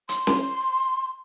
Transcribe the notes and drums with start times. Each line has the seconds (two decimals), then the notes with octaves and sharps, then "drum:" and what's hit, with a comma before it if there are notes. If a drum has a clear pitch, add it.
0.09 C6, drum: hi-hat
0.27 drum: snare